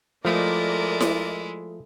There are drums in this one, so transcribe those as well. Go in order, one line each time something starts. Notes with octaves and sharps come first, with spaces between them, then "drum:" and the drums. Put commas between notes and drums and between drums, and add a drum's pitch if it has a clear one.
F3 G#3 A3 E4 A4 A#4 D5 D#5
drum: snare E4